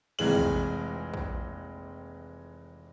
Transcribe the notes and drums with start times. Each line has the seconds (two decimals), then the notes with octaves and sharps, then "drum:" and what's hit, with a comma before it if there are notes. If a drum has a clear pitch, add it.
0.19 F1 A#1 E3 G#3 C4 F#7, drum: cymbal
0.35 drum: kick
1.14 drum: kick